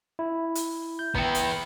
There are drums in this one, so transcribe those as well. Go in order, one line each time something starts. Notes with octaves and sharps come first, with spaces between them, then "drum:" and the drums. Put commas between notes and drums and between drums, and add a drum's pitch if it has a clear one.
E4
drum: hi-hat
G6
B3 E5 G5 A#5, drum: kick
drum: hi-hat